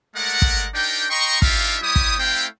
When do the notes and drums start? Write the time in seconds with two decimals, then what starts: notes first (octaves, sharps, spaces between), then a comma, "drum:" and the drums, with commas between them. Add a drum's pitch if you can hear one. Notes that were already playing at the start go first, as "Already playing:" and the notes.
0.16 G#3 A3 A#4 D5 F#5
0.42 drum: kick
0.74 D4 D#4 G4 A#4 G5
1.10 D#5 G5 A#5 C6 C#6
1.42 D4 D#4 F4 G4 E5 F5, drum: kick
1.83 G3 E4 G4 C#5 D#6
1.96 drum: kick
2.19 A3 C4 E4 F5 G5